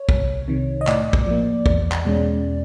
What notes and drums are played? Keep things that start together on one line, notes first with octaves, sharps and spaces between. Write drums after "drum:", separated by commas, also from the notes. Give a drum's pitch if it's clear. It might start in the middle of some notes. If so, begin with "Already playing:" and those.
Already playing: C#5
C2, drum: kick
C3 D#3
D#5
A2 D5, drum: clap
drum: kick
F3 A#3
E2, drum: kick
drum: clap
B2 G#3 C#4